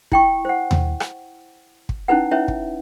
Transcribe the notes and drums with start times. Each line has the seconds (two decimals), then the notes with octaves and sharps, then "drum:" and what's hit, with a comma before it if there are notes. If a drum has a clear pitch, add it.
0.12 E4 G5 C#6, drum: kick
0.45 C5 F#5
0.71 drum: tom D#2
1.00 drum: rim click
1.89 drum: kick
2.08 C#4 D#4 E4 B4 F#5
2.31 C#4 E4 B4 C#5 E5
2.48 drum: kick